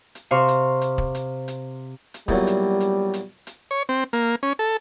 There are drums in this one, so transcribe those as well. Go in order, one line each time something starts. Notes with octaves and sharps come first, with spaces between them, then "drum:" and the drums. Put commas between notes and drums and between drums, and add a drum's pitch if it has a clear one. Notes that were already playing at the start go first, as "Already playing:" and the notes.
drum: hi-hat
C3 F5 C6 C#6
drum: hi-hat
drum: hi-hat
drum: kick
drum: hi-hat
drum: hi-hat
drum: hi-hat
E2 A#2 F#3 G3, drum: kick
drum: hi-hat
drum: hi-hat
drum: hi-hat
drum: hi-hat
C#5
C4
A#3, drum: hi-hat
C#4
A4